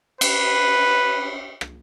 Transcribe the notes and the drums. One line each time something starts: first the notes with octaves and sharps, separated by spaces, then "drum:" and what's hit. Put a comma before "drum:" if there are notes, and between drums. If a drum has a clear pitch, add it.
B4, drum: cymbal
drum: rim click